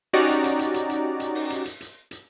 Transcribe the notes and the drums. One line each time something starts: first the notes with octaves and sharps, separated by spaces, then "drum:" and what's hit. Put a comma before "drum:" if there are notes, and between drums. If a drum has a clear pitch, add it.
C#4 D#4 F#4 G4 D5 A#5, drum: open hi-hat
drum: hi-hat
drum: hi-hat
drum: hi-hat
drum: hi-hat
drum: hi-hat
drum: hi-hat
drum: open hi-hat
drum: hi-hat
drum: hi-hat
drum: hi-hat
drum: hi-hat